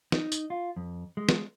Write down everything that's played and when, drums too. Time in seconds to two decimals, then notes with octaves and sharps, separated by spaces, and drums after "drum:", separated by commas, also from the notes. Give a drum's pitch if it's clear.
0.12 D#4, drum: snare
0.32 drum: tambourine
0.50 F4
0.76 F2
1.17 G#3
1.29 drum: snare